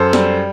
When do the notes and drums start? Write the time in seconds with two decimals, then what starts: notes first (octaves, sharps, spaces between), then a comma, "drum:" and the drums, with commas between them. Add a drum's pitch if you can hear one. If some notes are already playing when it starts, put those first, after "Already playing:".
Already playing: F#2 A4 C5
0.13 G3, drum: snare